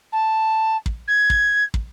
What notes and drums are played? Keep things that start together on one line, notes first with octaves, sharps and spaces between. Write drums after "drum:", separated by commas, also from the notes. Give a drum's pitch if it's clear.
A5
drum: kick
G#6
drum: kick
drum: kick